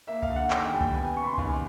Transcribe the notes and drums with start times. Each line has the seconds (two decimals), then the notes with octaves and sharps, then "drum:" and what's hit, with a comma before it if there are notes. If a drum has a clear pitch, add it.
0.07 A#3 E5
0.22 F5, drum: kick C#2
0.30 D3
0.36 F#5
0.51 D#2 G5, drum: clap
0.65 G#5
0.73 G3
0.80 G5, drum: kick C#2
0.94 B3 G#5
1.05 G#5
1.16 C#3 C#6
1.23 B5
1.27 C6
1.38 D#2 G#5, drum: kick C#2